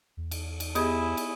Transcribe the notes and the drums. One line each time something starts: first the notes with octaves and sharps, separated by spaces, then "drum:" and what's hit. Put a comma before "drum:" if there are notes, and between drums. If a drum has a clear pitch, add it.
E2
drum: cymbal
drum: cymbal
B3 E4 G4 G#4 D#5 G#5, drum: cymbal
drum: cymbal